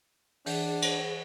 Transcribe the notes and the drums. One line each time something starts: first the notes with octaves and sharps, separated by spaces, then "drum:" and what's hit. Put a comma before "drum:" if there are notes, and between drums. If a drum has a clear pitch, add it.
E3 D4 G#4 F#5, drum: open hi-hat
drum: cymbal